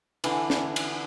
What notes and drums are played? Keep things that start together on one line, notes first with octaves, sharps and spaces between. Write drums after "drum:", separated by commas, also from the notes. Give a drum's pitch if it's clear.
D3 E3, drum: cymbal
drum: snare
drum: cymbal